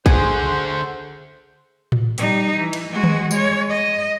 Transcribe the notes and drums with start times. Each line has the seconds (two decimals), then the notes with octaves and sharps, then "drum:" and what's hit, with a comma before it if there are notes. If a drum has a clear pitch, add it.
0.06 D3 F#4 G#4 C5, drum: kick A#1
1.92 drum: tom A2
2.18 G3 D#4, drum: hi-hat
2.56 E3
2.73 drum: cymbal
2.93 G#3 F#4
3.04 drum: tom D#3
3.31 G#3 C#5, drum: tambourine
3.70 D#5